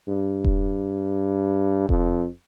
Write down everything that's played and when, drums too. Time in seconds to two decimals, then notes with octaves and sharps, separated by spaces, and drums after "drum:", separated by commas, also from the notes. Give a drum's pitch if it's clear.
0.09 G2
0.44 drum: kick E1
1.89 F2, drum: kick E1